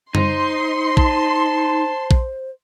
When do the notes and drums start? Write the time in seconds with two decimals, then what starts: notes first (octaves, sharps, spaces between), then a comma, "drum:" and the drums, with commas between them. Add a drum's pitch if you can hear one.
0.15 D#4 C5 C6, drum: tom F#2
0.97 A5, drum: kick A#1
2.11 drum: kick A#1